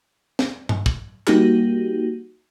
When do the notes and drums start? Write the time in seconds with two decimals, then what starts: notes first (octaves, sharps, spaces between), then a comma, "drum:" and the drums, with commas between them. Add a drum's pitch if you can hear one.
0.39 drum: snare
0.69 drum: tom G2
0.86 drum: kick
1.27 G3 A#3 D#4 F#4 G4, drum: clap